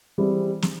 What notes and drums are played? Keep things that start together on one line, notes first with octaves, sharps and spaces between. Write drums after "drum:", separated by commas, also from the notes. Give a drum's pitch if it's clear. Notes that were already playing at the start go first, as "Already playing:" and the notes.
E3 G3 C4 E4 G#4
drum: snare